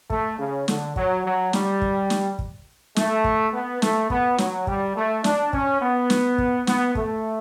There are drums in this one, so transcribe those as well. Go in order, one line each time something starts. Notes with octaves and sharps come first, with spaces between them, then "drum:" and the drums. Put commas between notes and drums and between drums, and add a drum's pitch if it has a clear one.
A3, drum: kick
C#3
D3, drum: snare
F#3, drum: kick
F#3
G3, drum: snare
drum: kick
drum: snare
drum: kick
A3, drum: snare
drum: kick
B3
A3, drum: snare
B3, drum: kick
F#3, drum: snare
G3, drum: kick
A3
D4, drum: snare
C#4, drum: kick
B3
drum: snare
drum: kick
B3, drum: snare
A3, drum: kick